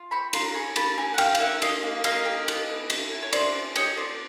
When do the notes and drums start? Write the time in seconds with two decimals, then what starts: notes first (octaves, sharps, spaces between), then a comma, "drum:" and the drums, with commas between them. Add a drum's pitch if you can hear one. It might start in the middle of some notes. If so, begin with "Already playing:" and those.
Already playing: F4
0.11 C4 B5 C#6
0.33 F4 A#5 C6, drum: cymbal
0.54 G#4 B5 C#6
0.76 A#3 A5 B5, drum: cymbal
0.98 G4 G#5 A#5
1.14 F#5
1.18 G4 F5 G5, drum: cymbal
1.35 F5, drum: cymbal
1.40 A#3 E5 F#5
1.62 A#3 D#5 F5, drum: cymbal
1.83 A#3
2.04 A#3 D#5 F5, drum: cymbal
2.25 G4
2.48 B3, drum: cymbal
2.69 E4
2.90 E4, drum: cymbal
3.12 E4
3.23 C#5
3.33 E4 C5 D5, drum: cymbal
3.54 B3
3.76 G4 C#5 D#5, drum: cymbal
3.97 B3 C5 D5